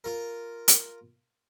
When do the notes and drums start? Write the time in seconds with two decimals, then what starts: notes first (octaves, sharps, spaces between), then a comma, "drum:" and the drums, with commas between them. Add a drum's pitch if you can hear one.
0.04 F4 A#4
0.68 drum: hi-hat